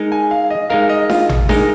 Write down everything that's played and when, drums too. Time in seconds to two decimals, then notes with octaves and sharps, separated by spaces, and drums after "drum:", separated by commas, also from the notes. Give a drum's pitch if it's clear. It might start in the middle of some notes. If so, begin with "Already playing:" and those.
Already playing: G#3 D#4 A#4
0.12 G#5
0.31 F5
0.50 D#5
0.70 G#3 D#4 A#4 F5
0.89 D#5
1.09 F4, drum: snare D4
1.29 drum: tom A1
1.49 G#3 D#4 G#4 A#4, drum: snare D4